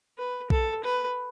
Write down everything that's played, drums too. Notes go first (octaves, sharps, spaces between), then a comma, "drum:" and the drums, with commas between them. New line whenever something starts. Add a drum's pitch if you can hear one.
B4
A4, drum: kick B1
B4